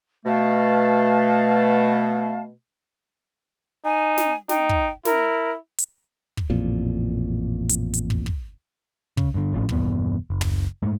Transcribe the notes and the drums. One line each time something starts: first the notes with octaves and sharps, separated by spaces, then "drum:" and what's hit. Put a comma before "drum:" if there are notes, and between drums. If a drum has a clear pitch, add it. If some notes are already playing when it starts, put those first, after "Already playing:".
B2 A3 F5 A5
D#4 G#5
drum: snare
D#4 G5, drum: snare
drum: kick
E4 A#4, drum: snare
drum: hi-hat
drum: kick
A1 F2 A#2
drum: hi-hat
drum: hi-hat
drum: kick
drum: kick
C#3, drum: kick
G2 D3
G#1 A2 F3 C#4
E1 G2 E3 B3, drum: kick
F#1
drum: tom
G#2 G#3 A3